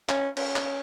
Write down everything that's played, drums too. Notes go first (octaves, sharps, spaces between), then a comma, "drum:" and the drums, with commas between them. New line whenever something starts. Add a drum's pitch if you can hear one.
C#4, drum: clap
C#4, drum: cymbal
drum: clap